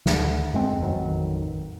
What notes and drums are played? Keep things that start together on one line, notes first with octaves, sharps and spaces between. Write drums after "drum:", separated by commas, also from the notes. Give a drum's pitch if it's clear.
D2, drum: snare
F#2 G#3 C4
A1 F2 D#3 F#3